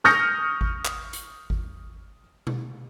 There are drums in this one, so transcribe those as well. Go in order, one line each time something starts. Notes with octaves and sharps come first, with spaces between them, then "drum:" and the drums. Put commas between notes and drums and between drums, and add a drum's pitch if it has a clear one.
C#6 D#6 F6 G6 A#6 C#7, drum: snare
drum: kick G#1
drum: clap
drum: hi-hat
drum: kick G#1
drum: tom B2